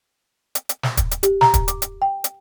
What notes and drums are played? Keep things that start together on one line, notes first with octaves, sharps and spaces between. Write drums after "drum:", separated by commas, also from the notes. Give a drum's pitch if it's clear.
drum: hi-hat
drum: hi-hat
drum: snare
drum: kick, hi-hat
drum: hi-hat
G4, drum: hi-hat
A#5, drum: snare
drum: kick, hi-hat
D6, drum: hi-hat
drum: hi-hat
G5
drum: hi-hat